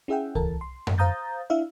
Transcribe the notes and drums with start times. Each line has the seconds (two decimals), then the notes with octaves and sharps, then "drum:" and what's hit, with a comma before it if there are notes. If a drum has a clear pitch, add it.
0.08 C#4 E4 G#4 E5 F#5 G5
0.35 D2 E3 A4 A#4 A5, drum: kick C2
0.61 C6
0.87 drum: tom F#2
0.98 C5 F5 A#5 D#6 G6 A6
1.50 D4 E4 E5 F5